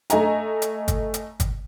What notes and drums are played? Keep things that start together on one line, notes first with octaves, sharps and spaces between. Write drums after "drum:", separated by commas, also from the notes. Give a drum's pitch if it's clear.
A3 D#5 G#5 A#5, drum: hi-hat
drum: hi-hat
drum: kick, hi-hat
drum: hi-hat
drum: kick, hi-hat